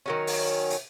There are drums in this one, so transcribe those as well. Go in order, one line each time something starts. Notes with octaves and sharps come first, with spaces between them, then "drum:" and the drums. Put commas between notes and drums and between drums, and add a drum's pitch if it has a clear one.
D#3 F#3 C#4
drum: open hi-hat
drum: hi-hat